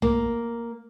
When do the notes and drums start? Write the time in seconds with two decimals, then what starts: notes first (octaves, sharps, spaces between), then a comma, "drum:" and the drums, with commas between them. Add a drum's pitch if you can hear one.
0.02 A#3, drum: tom